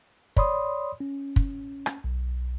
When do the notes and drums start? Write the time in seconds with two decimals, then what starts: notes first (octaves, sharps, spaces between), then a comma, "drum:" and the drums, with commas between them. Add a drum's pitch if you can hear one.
0.37 C#5 D5 B5 C6 D#6, drum: kick
1.00 C#4
1.36 drum: kick
1.86 drum: rim click
2.04 B1